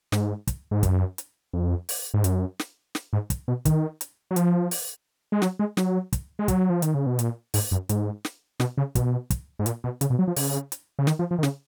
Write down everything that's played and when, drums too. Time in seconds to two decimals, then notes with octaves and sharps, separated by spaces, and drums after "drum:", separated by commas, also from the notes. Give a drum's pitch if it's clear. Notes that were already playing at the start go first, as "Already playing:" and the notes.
0.12 G#2, drum: snare
0.48 drum: kick, hi-hat
0.71 G#2
0.83 F#2, drum: kick, hi-hat
1.18 drum: hi-hat
1.53 F2
1.89 drum: open hi-hat
2.14 G#2
2.24 F#2, drum: hi-hat
2.59 drum: snare
2.95 drum: snare
3.13 G#2
3.30 drum: kick, hi-hat
3.48 B2
3.65 D#3, drum: kick, hi-hat
4.01 drum: hi-hat
4.31 F#3
4.36 F3, drum: hi-hat
4.71 drum: open hi-hat
5.32 G#3
5.42 F#3, drum: snare
5.59 G#3
5.77 F#3, drum: snare
6.13 drum: kick, hi-hat
6.39 G#3
6.48 F#3, drum: kick, hi-hat
6.70 F3
6.82 D#3, drum: hi-hat
6.94 C#3
7.06 B2
7.19 A#2, drum: hi-hat
7.54 G#2, drum: open hi-hat
7.71 F#2
7.89 G#2, drum: hi-hat
8.25 drum: snare
8.60 B2, drum: snare
8.78 C#3
8.95 B2, drum: kick, hi-hat
9.31 drum: kick, hi-hat
9.59 G#2
9.66 A#2, drum: hi-hat
9.84 B2
10.01 C#3, drum: hi-hat
10.10 B2
10.19 F#3
10.28 F3
10.37 C#3, drum: open hi-hat
10.72 drum: hi-hat
10.99 C#3
11.07 D#3, drum: snare
11.19 F3
11.31 F3
11.38 D#3
11.43 C#3, drum: snare